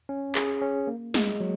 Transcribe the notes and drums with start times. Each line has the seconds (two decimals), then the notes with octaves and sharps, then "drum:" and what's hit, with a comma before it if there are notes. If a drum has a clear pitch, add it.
0.09 C#4
0.35 G#4, drum: clap
0.61 C#4
0.87 A#3
1.14 G#3, drum: snare
1.40 F#3